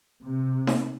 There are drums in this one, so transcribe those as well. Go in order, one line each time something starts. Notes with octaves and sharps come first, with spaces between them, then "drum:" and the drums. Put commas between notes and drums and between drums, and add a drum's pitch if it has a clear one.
C3
drum: snare D#4